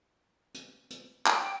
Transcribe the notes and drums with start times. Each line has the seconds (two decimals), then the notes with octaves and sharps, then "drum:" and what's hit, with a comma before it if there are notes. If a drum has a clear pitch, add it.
0.54 drum: hi-hat
0.90 drum: hi-hat
1.26 G5, drum: clap